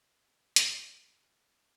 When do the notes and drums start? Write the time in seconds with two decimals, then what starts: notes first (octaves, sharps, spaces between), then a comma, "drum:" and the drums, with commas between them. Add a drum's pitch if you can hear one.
0.19 A#3 C4 F#4 D#5
0.56 D#4, drum: hi-hat
1.08 G4 C#5 E5 F#5 G5 A5